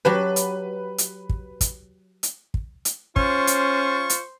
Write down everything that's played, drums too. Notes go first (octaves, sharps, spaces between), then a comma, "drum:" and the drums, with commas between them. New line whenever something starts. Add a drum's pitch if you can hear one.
F#3 G4 B4 A5
drum: hi-hat
drum: hi-hat
drum: kick
drum: kick, hi-hat
drum: hi-hat
drum: kick
drum: hi-hat
C#4 F4 C5 C#6, drum: kick
drum: hi-hat
drum: hi-hat